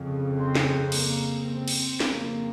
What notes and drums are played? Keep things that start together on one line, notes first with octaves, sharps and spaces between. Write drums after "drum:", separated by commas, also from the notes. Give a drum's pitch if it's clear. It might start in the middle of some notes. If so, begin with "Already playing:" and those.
Already playing: F2 C#3
C4
drum: snare
A#3, drum: cymbal
C4
drum: cymbal
F2 C#3 A#3, drum: snare